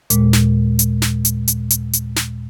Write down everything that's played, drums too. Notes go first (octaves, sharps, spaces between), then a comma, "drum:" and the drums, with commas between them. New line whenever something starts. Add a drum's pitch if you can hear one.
D#2 A#2 G#3, drum: hi-hat
drum: snare
drum: hi-hat
drum: snare
drum: hi-hat
drum: hi-hat
drum: hi-hat
drum: hi-hat
drum: snare